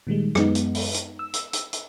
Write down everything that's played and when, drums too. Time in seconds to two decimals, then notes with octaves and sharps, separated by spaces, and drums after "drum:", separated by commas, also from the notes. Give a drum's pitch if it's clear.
0.07 A#2 D#3 G3 G#3
0.35 F#2 G#3 B3 D#4, drum: rim click
0.55 drum: hi-hat
0.75 drum: open hi-hat
0.94 drum: hi-hat
1.19 E6
1.33 drum: hi-hat
1.53 drum: hi-hat
1.73 drum: hi-hat